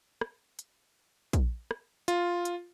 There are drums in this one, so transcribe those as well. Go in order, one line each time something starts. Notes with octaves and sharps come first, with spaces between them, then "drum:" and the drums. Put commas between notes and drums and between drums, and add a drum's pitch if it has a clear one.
drum: rim click
drum: hi-hat
drum: kick, hi-hat
drum: rim click
F4, drum: hi-hat
drum: hi-hat